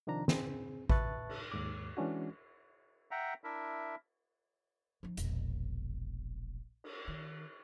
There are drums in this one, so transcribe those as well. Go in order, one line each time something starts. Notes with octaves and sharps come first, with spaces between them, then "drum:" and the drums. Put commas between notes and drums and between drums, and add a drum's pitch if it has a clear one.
C3 D#3 F3 D4 A#5
C4 G#4, drum: snare
B4 E5 A5 C#6 F#6 A6, drum: kick A1
drum: cymbal
D#2 G#2 D6
E3 G#3 C#4 D4 F#4
E5 F#5 G5 A#5
D4 E4 A#4 E5
F3 D#4
E1 A#1, drum: hi-hat
drum: cymbal
D#3